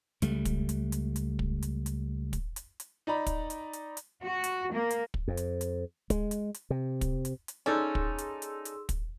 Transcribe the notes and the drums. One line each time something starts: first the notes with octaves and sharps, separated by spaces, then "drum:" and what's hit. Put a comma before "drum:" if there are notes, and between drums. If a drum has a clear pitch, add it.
C#2 G3 A3, drum: hi-hat
drum: kick, hi-hat
drum: hi-hat
drum: hi-hat
drum: hi-hat
drum: kick
drum: hi-hat
drum: hi-hat
drum: kick, hi-hat
drum: hi-hat
drum: hi-hat
D#4 D5 A#5 B5
drum: kick, hi-hat
drum: hi-hat
drum: hi-hat
drum: hi-hat
F#4
drum: hi-hat
A#3
drum: hi-hat
drum: kick
F2
drum: hi-hat
drum: hi-hat
G#3, drum: kick, hi-hat
drum: hi-hat
drum: hi-hat
C3
drum: kick, hi-hat
drum: hi-hat
drum: hi-hat
C#4 D#4 G#4 A4 D5 C6 E6
drum: kick
drum: hi-hat
drum: hi-hat
drum: hi-hat
drum: kick, hi-hat